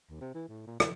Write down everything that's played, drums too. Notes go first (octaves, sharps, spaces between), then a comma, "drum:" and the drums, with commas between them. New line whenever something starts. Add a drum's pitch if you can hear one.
D#2
C3
E3
A2
A#2
E3, drum: rim click